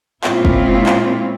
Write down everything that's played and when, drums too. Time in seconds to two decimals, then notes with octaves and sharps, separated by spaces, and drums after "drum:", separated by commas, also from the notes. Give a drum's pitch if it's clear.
0.24 A#2 G#3 C4 C#4 E4 F4, drum: clap
0.45 drum: kick F#1
0.86 drum: clap